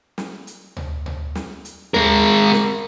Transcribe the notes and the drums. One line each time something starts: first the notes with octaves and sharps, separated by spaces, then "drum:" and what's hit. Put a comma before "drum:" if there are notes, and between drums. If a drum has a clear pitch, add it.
drum: snare
drum: hi-hat
drum: tom
drum: tom
drum: snare
drum: hi-hat
G#3 A#4, drum: tom
drum: snare